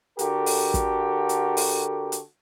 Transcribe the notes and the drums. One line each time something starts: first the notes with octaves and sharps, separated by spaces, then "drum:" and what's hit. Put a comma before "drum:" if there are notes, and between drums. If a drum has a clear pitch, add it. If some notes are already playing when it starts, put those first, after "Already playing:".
D3 F#4 G4 A4 A#4, drum: hi-hat
drum: open hi-hat
drum: kick, hi-hat
drum: hi-hat
drum: open hi-hat
drum: hi-hat